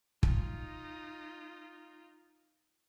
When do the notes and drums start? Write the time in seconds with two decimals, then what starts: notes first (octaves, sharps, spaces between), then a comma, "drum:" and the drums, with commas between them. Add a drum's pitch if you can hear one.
0.23 D#4 F4, drum: kick